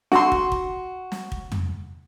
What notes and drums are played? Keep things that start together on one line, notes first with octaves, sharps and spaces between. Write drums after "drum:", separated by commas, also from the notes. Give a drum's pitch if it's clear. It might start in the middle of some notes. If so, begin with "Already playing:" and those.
F#4 C6, drum: snare
drum: kick
drum: kick
drum: snare
drum: kick
drum: tom